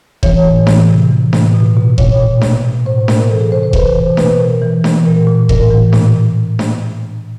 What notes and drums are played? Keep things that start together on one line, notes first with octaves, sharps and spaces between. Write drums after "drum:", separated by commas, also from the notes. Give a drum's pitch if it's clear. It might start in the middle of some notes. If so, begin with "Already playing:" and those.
E3 C#5, drum: kick F1
A2
E3, drum: snare D4
C3
E3
A2, drum: snare D4
B2
B2
A#2 C#5, drum: kick F1
A#2
B2, drum: snare D4
B2
A2 C5
A2 A#4, drum: snare D4
E3 A4
G#4
C3 C5
C5
E3 B4, drum: kick F1
E3 C5
B2 B4, drum: snare D4
B2 A#4
E3
E3, drum: snare D4
A#2 A#4
A#2
A2 A#4, drum: kick F1
E3
A#2, drum: snare D4
drum: snare D4